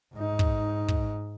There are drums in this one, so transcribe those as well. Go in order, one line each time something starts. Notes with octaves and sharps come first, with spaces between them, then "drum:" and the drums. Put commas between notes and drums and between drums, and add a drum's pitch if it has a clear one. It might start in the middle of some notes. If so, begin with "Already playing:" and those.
G#2 D#4
drum: kick
drum: kick